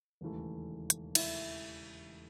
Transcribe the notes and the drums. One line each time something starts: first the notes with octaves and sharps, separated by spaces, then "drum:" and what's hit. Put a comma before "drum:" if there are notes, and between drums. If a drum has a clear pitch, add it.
E1 D#2 C#3 E3 A3
drum: hi-hat
E4 E5, drum: cymbal